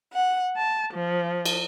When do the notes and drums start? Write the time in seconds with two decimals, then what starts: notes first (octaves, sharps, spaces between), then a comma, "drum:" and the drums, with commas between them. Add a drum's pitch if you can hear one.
0.12 F#5
0.57 A5
0.93 F3
1.46 drum: cymbal